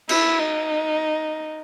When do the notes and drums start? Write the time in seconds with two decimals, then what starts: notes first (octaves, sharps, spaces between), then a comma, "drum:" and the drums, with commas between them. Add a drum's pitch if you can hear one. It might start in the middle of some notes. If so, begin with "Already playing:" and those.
0.09 E4, drum: cymbal
0.39 D#4